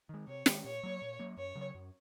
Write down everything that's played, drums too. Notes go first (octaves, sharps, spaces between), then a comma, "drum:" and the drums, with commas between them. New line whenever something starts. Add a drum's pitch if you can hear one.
D#3 G#3
C3 C#5
D#3 G#3, drum: snare
A#2 C#5
F#3 A#3
A#2
F#3 A#3
F#2 C#5
C#3 F#3
F#2